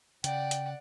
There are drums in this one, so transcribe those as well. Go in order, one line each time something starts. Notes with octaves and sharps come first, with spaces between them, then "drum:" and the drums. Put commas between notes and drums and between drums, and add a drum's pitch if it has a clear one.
C#3 D5 F#5 G5, drum: hi-hat
drum: hi-hat